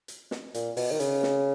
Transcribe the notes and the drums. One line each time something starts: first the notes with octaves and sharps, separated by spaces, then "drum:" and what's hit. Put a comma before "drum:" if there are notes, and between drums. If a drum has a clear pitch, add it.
drum: hi-hat
drum: snare
A#2, drum: hi-hat
B2, drum: open hi-hat
D#3
C#3, drum: hi-hat
drum: snare